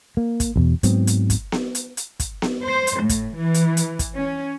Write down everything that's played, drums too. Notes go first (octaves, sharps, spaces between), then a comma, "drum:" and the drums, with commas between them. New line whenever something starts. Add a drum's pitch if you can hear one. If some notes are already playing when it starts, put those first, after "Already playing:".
A#3
drum: kick, hi-hat
A1 E2 B2
G#2 F#3 B3 C4, drum: hi-hat
drum: hi-hat
drum: kick, hi-hat
drum: snare B3
drum: hi-hat
drum: hi-hat
drum: kick, hi-hat
drum: snare B3
C5
drum: hi-hat
A2
drum: kick, hi-hat
E3
drum: hi-hat
drum: hi-hat
drum: kick, hi-hat
C#4